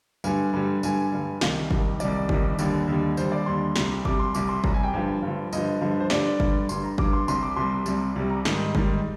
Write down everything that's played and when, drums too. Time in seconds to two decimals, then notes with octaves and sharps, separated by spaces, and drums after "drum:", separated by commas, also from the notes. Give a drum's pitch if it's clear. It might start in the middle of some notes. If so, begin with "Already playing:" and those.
0.24 G2 D3 G3 G#5, drum: tambourine
0.53 G2 D3 G3
0.83 G2 D3 G3 G#5, drum: tambourine
1.12 G2 D3 G3
1.41 C2 C3 D#3 G3 F5, drum: snare
1.71 C2 C3 D#3 G3, drum: kick G1
2.00 C2 C3 D#3 G3 D5, drum: tambourine
2.29 C2 C3 D#3 G3, drum: kick G1
2.59 D#2 D3 G3, drum: tambourine
2.88 D#2 D3 G3
3.17 D#2 D3 G3 C5, drum: tambourine
3.32 D5
3.46 D#2 D3 G3 C6
3.76 C2 C3 G3, drum: snare
4.05 C2 C3 G3 D6, drum: kick G1
4.20 C6
4.35 C2 C3 G3 D6, drum: tambourine
4.49 C6
4.64 C2 C3 G3 A#5, drum: kick G1
4.74 G#5
4.83 G5
4.94 G2 D3 F3
5.22 G2 D3 F3
5.53 G2 D3 F3 D#5, drum: tambourine
5.81 G2 D3 F3
6.00 C5
6.10 G2 D3 G3 D5, drum: snare
6.40 G2 D3 G3, drum: kick G1
6.69 G2 D3 G3 C6, drum: tambourine
6.83 A#5
6.98 G2 D3 G3 D6, drum: kick G1
7.13 C6
7.28 C2 C3 G3 C6, drum: tambourine
7.43 D6
7.56 C2 C3 G3 C6
7.86 C2 C3 G3, drum: tambourine
8.16 C2 C3 G3
8.30 A#5
8.45 G#2 D#3 G3, drum: snare
8.75 G#2 D#3 G3, drum: kick G1